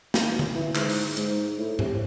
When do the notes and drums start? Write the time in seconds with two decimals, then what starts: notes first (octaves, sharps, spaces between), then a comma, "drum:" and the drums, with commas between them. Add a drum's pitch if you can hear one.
0.14 D#3, drum: snare
0.39 drum: tom D3
0.55 E3
0.75 G#2, drum: clap
0.90 drum: open hi-hat
1.17 G#2, drum: hi-hat
1.58 A2
1.79 C3, drum: tom G#2